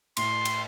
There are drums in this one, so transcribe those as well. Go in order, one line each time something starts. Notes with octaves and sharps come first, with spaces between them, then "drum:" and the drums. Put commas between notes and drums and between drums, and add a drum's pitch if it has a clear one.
A2 C6, drum: cymbal
drum: cymbal